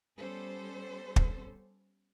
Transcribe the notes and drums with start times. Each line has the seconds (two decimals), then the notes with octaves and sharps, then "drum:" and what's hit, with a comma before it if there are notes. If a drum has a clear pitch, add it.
0.19 G3 B3 C#4 A4 C5
1.16 drum: kick